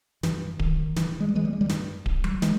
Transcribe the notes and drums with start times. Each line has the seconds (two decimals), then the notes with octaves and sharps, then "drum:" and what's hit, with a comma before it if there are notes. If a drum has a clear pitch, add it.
0.23 G2 E3, drum: snare
0.59 D#3, drum: kick D1
0.96 G2 E3, drum: snare
1.20 G#3
1.29 G3
1.36 E3 G#3
1.45 G3
1.53 G#3
1.61 D#3 G3
1.69 G2, drum: snare
2.06 drum: kick D1
2.24 drum: tom F#3
2.42 E3 G#3, drum: snare